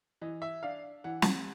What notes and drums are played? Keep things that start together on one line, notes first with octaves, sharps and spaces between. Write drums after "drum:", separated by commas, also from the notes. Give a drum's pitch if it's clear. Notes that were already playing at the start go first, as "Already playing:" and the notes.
E3 D#5
E5
D4 F5
E3 F#5
drum: snare